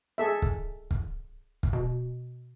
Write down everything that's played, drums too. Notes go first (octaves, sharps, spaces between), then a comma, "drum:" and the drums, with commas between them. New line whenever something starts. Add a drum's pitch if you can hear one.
G#4 A4 E5
drum: kick
drum: kick
drum: kick
B2